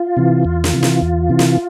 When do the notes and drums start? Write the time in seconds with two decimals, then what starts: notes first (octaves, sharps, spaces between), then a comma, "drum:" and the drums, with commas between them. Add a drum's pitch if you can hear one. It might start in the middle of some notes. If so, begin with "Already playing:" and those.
Already playing: F4
0.17 C3 E3
0.45 E2
0.64 drum: snare
0.73 C3 E3
0.83 drum: snare
1.02 E2
1.29 C3 E3
1.39 drum: snare